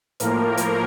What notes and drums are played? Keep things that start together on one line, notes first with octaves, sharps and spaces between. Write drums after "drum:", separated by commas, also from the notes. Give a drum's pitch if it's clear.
A2 F3 A#3 A#4, drum: hi-hat
drum: hi-hat